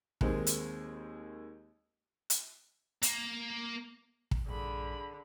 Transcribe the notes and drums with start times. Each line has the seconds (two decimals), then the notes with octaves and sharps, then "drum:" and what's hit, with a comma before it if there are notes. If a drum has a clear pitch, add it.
0.21 D#2 D#3 G#3 A#3 C4, drum: kick
0.47 drum: hi-hat
2.30 drum: hi-hat
3.03 A#3, drum: hi-hat
4.31 drum: kick
4.48 A#1 G2 D3 G#4 B5